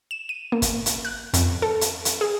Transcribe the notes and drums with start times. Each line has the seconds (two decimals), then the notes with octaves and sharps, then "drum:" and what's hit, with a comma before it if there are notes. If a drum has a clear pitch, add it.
0.11 E7
0.29 D#7
0.52 A#3
0.62 drum: kick, hi-hat
0.86 drum: hi-hat
1.05 F#6
1.34 F2, drum: hi-hat
1.62 A4
1.81 drum: hi-hat
2.05 drum: hi-hat
2.21 G#4